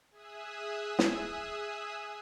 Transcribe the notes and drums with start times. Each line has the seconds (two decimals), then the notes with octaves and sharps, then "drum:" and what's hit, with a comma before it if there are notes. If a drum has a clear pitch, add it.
0.11 G#4 E5 G#5 D#6 E6 F#6
0.99 drum: snare